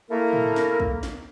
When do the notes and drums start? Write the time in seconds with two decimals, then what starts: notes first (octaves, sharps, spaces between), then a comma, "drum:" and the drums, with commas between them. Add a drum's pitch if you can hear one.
0.10 A3 A#3 E4 A#4
0.33 drum: tom A2
0.56 drum: snare
0.80 drum: kick
1.03 drum: snare